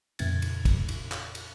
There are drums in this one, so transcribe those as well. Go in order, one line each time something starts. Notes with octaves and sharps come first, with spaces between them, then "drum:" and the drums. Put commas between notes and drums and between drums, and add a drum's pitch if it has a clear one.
F2 A#2 C#3 G#6 A6, drum: cymbal
drum: cymbal
drum: kick, cymbal
drum: cymbal
drum: clap
drum: cymbal